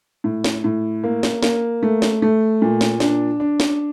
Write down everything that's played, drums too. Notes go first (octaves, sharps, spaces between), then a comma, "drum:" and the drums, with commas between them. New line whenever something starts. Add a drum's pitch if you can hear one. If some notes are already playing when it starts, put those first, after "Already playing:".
A2
drum: snare
A2
A#3
drum: snare
A#3, drum: snare
A3
drum: snare
A3
A#2
drum: snare
D4, drum: snare
D4
drum: snare